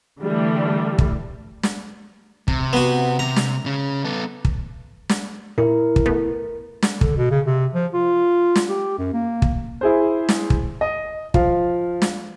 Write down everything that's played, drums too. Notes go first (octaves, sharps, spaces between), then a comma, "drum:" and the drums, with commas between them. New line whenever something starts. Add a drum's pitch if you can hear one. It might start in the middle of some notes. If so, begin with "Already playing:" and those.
D3 E3 G3 A3
drum: kick
drum: snare
C3, drum: kick
B3 F#4
C3 A#5
drum: snare
C#3 C#4
B3 A4
drum: kick
drum: snare
A#2 E4 A#4
drum: kick
A3 B3
drum: snare
D3, drum: kick
B2
C#3
C3
F3
F4
drum: snare
G4
F#2
A#3
drum: kick
E4 G#4 C5
drum: snare
drum: kick
D#5
F3 F4 F5, drum: kick
drum: snare